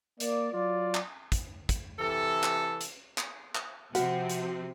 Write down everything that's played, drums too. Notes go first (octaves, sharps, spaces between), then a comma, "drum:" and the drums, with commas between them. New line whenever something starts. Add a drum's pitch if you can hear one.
A#3 D5, drum: hi-hat
F#3 F4 D5
drum: clap
drum: kick, hi-hat
drum: kick, hi-hat
C3 E3 A4
drum: clap
drum: hi-hat
drum: clap
drum: clap
C3 F3 C4 F#4 F#5, drum: hi-hat
drum: hi-hat